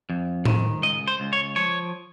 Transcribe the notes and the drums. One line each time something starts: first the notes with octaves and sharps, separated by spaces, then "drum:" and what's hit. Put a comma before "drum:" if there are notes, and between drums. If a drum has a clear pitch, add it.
F2
D#3, drum: tom A2
C#2 D#5
C5
C#2
C#5
F3 C#5